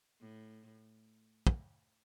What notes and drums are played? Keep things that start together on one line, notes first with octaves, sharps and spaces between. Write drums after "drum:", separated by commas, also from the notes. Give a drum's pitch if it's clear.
A2
drum: kick